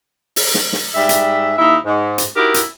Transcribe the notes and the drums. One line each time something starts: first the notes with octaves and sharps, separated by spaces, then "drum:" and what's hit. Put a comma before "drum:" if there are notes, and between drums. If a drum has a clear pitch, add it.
drum: open hi-hat
drum: snare
drum: snare
G#2 G3 E5
drum: hi-hat
D#2 D#4 E4 E5
G#2
drum: hi-hat
D#4 E4 F#4 G4 A#4
drum: hi-hat